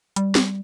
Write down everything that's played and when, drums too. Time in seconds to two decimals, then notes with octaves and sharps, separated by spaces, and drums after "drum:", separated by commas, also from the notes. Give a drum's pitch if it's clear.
0.16 G3, drum: hi-hat
0.35 drum: snare